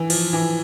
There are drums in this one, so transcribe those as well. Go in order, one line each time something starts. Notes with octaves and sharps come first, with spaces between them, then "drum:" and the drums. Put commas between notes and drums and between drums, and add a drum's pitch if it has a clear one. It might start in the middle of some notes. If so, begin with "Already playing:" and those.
Already playing: E3
F3, drum: cymbal
E3